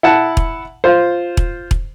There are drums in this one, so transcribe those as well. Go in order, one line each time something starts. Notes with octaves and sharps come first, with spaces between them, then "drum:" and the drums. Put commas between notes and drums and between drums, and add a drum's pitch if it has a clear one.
E4 F#5 A5
drum: kick E1
F4 C5
drum: kick E1
drum: kick E1